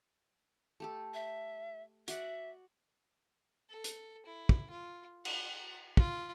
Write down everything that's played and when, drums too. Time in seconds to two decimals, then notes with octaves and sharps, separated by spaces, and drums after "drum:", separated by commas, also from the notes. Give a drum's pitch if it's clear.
0.80 A3 G4 A4
1.14 E5
2.08 F#4 D5 E5 F#5, drum: hi-hat
3.70 A4
3.84 drum: hi-hat
4.26 E4
4.49 drum: kick
4.70 F4
5.25 F#5, drum: cymbal
5.97 F4, drum: kick